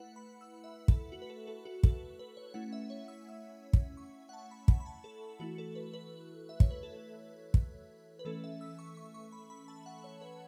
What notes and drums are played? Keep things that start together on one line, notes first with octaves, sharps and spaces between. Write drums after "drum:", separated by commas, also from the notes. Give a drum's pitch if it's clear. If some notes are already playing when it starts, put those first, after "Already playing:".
Already playing: A3 E4 B4 F#5
B5
E6
E5
A4, drum: kick
F#4
B4
A4
A4
F#4
A4, drum: kick
B4
C#5
A3 C#4 E4 F#5
E5
C#5
E6
E6
drum: kick
C#6
F#5
A5
B5
B5, drum: kick
B5
A5
A4
E3 A3 E4 F#4
A4
B4
B4
E5
C#5, drum: kick
B4
A4
drum: kick
B4
E3 A3 C#4 A4
E5
E6
C#6
C#6
C#6
B5
B5
A5
F#5
C#5
B4